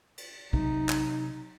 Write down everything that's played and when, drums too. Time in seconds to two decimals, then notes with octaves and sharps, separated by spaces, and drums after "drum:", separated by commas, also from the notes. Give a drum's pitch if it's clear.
0.18 drum: cymbal
0.53 C3 F#3 D#4, drum: kick A#1
0.89 drum: clap